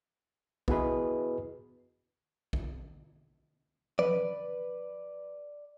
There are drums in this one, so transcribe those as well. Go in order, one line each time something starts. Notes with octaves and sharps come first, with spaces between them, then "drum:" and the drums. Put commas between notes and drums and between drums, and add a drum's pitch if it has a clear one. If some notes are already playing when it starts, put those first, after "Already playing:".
B3 E4 F#4 G#4 B4 D#5, drum: kick A#1
drum: kick A#1
B4 D5, drum: tom F3